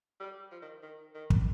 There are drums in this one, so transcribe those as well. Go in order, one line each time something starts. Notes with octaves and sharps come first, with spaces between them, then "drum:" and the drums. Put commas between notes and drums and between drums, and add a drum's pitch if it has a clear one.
G3
F3
D#3
D#3
D#3
drum: kick